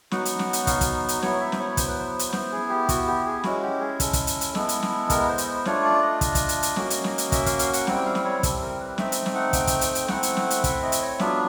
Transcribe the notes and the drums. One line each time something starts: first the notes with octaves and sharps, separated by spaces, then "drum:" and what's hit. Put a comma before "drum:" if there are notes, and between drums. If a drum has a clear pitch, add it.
F#3 B3 D#4 F#4 F#5, drum: snare
drum: hi-hat
drum: snare
drum: hi-hat
F5, drum: kick, hi-hat
drum: kick, hi-hat
drum: hi-hat
F#3 B3 E4 C#5, drum: snare
E5
C5, drum: snare
C#5
C5, drum: kick, hi-hat
B4
C5
drum: hi-hat
B3 E4 C5, drum: snare
G#4
G4
F#4, drum: kick, hi-hat
G4
G#4
G#3 C#4 E4 F#4, drum: snare
G4
G#4
A4, drum: kick, hi-hat
drum: kick, hi-hat
drum: hi-hat
drum: hi-hat
G#3 B3 E4 A4, drum: snare
drum: hi-hat
drum: snare
A#4, drum: kick, hi-hat
C5
drum: hi-hat
C5
A3 D4 F4 C#5, drum: snare
D5
D#5
drum: kick, hi-hat
drum: kick, hi-hat
drum: hi-hat
drum: hi-hat
A#3 C#4 F#4, drum: snare
drum: hi-hat
drum: snare
drum: hi-hat
E5, drum: kick, hi-hat
F5, drum: kick, hi-hat
F5, drum: hi-hat
F#5, drum: hi-hat
G3 C4 E4 G5, drum: snare
F5
drum: snare
C#5
A4, drum: kick, hi-hat
A#4
B4
A3 C4 D#4 E5, drum: snare
drum: hi-hat
drum: snare
F#5
G5, drum: kick, hi-hat
drum: kick, hi-hat
drum: hi-hat
drum: hi-hat
A3 C4 E4 F#5, drum: snare
drum: hi-hat
drum: snare
drum: hi-hat
E5, drum: kick, hi-hat
D#5
drum: hi-hat
C#5
F#3 B3 D4 F4 E5, drum: snare